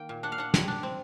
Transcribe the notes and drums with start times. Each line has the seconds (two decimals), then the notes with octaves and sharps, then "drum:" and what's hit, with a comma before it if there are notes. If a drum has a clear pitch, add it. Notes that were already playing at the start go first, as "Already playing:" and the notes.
Already playing: D#3 A#3 G5
0.09 A#2
0.23 D4 F#5
0.32 F5
0.38 D4 F#5
0.54 G3, drum: snare
0.68 D4
0.83 C4